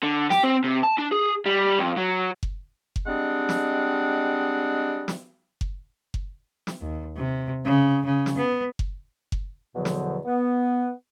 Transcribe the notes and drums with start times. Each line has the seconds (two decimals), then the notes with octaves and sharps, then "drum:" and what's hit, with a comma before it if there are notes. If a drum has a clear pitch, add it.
0.03 D3
0.30 G4, drum: snare
0.44 C4
0.64 C3
0.83 A5
0.98 D4
1.11 G#4
1.46 G3
1.79 F2
1.97 F#3
2.43 drum: kick F#1
2.96 drum: kick F#1
3.06 G3 G#3 C4 D4 D#5 F#5
3.49 drum: snare
5.08 drum: snare
5.61 drum: kick F#1
6.14 drum: kick F#1
6.67 drum: snare
6.81 D#2
7.17 C3
7.65 C#3
8.06 C#3
8.26 drum: snare
8.37 B3
8.79 drum: kick F#1
9.32 drum: kick F#1
9.74 E2 B2 D3 F3 F#3
9.85 drum: snare
10.25 B3